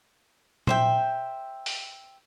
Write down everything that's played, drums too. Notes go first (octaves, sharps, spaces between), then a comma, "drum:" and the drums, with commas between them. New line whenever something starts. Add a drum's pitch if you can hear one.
C5 E5 G5, drum: tom A#2
drum: open hi-hat